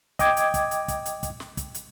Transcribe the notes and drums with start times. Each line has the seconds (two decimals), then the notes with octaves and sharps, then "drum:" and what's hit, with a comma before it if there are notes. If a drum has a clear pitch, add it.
0.19 D#5 G5 D6 G#6, drum: kick, hi-hat
0.37 drum: hi-hat
0.54 drum: kick, hi-hat
0.71 drum: hi-hat
0.88 drum: kick, hi-hat
1.06 drum: hi-hat
1.23 drum: kick, hi-hat
1.40 drum: snare
1.57 drum: kick, hi-hat
1.75 drum: hi-hat